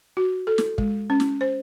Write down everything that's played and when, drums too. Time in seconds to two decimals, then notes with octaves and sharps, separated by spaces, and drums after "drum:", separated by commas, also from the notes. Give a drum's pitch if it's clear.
0.17 F#4
0.47 A4
0.58 drum: snare
0.78 G#3, drum: kick
1.10 C#4
1.20 drum: snare
1.41 C5